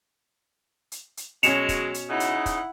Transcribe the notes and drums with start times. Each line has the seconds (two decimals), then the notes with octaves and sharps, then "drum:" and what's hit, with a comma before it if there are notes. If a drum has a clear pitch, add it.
0.92 drum: hi-hat
1.17 drum: hi-hat
1.43 B2 F#3 G#3 C#4 C#7 E7 F7, drum: hi-hat
1.69 drum: kick, hi-hat
1.94 drum: hi-hat
2.10 C#3 D#4 E4 F#5
2.20 drum: hi-hat
2.46 drum: kick, hi-hat